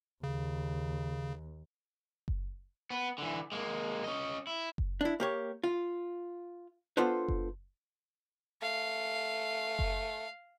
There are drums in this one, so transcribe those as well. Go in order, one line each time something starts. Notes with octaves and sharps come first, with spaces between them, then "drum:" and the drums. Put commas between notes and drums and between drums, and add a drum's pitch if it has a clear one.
D#2 C#3
drum: kick F#1
B3 B4
D3 E3
G#3 A#3
C#4 D#5
E4
drum: kick F#1
D4 E4
A#3 G4 C#5
F4
B3 D4 F4 A4 B4 C5
drum: kick F#1
A3 F5
drum: kick F#1